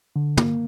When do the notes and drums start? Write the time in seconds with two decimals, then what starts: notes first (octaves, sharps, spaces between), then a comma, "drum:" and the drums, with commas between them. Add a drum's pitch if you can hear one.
0.16 D3
0.37 A#3, drum: tom